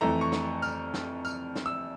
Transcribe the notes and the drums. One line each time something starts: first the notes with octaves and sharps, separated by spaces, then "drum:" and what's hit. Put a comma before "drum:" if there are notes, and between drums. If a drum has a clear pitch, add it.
F2 E3 A3 A#5
C#6
drum: snare
F6, drum: tambourine
drum: snare
F6, drum: tambourine
drum: snare
E6